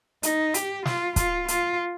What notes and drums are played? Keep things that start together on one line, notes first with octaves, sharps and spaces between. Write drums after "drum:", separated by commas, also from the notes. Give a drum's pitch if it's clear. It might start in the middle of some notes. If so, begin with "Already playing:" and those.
D#4, drum: hi-hat
G4, drum: hi-hat
F4, drum: snare
F4, drum: kick, hi-hat
F4, drum: hi-hat